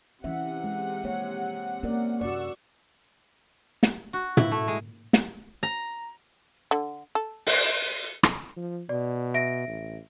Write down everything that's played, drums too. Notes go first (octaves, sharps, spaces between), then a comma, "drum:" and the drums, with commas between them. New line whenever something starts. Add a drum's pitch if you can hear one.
C3 E3 C#4 E5 F#5
G#3
F3 A#3 C#5
A#3 C#4 A#4 D5
F#2 C3 F#4 D5 F#5 C#6 E6
drum: snare
F#4
E4, drum: tom
A3
G#3
drum: snare
A#5
D3
A4
drum: open hi-hat
drum: rim click
F3
B2 D5
E5 A#6 D7
A1